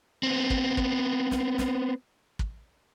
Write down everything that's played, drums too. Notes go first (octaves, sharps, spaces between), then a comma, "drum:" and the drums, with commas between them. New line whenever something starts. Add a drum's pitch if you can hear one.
B3 C4
drum: kick
drum: kick
drum: snare
drum: snare
drum: kick